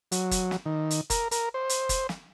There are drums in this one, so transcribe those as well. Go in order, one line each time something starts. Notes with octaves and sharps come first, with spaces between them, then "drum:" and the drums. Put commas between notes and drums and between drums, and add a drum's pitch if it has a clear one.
F#3, drum: hi-hat
drum: kick, hi-hat
drum: snare
D#3
drum: hi-hat
A#4, drum: kick, hi-hat
A#4, drum: hi-hat
C5
drum: hi-hat
drum: kick, hi-hat
drum: snare